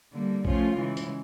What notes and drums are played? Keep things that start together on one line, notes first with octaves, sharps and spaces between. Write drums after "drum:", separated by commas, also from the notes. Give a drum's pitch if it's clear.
D3 G3 A#3
F3 A3 C#4 F4, drum: kick
C#3 E3 G#3
drum: hi-hat